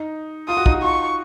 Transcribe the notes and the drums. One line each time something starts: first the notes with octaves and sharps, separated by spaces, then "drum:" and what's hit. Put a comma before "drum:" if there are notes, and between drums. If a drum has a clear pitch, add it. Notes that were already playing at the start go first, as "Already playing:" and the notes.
Already playing: D#4
F4 D#6
F#4
D#4, drum: kick
F#4
F4 C#6